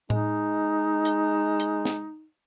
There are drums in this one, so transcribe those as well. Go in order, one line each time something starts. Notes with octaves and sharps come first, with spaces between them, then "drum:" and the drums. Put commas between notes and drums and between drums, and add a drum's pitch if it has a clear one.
G#3 D#4, drum: tom A2
drum: hi-hat
drum: hi-hat
drum: snare